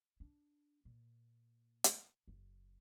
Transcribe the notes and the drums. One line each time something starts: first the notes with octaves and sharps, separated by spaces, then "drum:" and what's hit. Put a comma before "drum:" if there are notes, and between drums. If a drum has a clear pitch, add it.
D4
A#2
drum: hi-hat
F#1